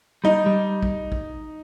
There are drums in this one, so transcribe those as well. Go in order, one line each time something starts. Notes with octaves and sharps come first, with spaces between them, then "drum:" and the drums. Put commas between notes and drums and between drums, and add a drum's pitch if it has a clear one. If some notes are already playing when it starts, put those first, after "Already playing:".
G3 D#4
G3
drum: kick
drum: kick